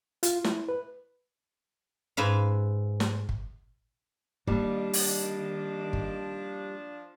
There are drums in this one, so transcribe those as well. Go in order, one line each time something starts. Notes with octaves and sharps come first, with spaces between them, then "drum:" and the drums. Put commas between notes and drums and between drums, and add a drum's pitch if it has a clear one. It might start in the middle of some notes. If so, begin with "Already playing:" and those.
F4, drum: hi-hat
E4, drum: snare
B4
G#2 B4 E5 F5
drum: snare
drum: kick
D#3 F3 G3 A#3 D4 D#5 D6, drum: kick
drum: open hi-hat
drum: kick